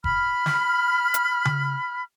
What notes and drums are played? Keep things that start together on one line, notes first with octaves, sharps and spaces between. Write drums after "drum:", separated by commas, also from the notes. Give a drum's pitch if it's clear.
B5 F6, drum: kick F#1
drum: snare
drum: hi-hat
drum: tom C#3